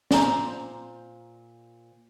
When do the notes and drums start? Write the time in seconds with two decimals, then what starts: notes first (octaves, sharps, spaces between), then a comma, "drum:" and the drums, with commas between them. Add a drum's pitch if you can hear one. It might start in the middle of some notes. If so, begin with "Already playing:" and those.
0.11 A#2 C5 A#5, drum: snare